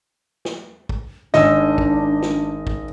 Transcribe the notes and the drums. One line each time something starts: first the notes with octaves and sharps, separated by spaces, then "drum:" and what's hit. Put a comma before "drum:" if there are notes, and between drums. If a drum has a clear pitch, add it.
drum: snare
drum: kick
G#1 C#4 D4 D#5 E6, drum: snare
drum: kick
drum: snare
drum: kick